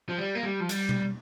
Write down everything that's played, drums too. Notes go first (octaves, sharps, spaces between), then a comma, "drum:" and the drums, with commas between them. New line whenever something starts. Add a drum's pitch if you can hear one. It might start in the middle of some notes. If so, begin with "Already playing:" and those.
F3
G3
A#3
G3
F3
G3, drum: hi-hat
drum: tom B2